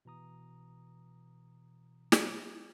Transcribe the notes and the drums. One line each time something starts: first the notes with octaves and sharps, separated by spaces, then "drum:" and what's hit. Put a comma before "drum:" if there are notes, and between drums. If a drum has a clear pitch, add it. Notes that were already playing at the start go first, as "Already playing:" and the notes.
B2 E3 A#5 D#6
drum: snare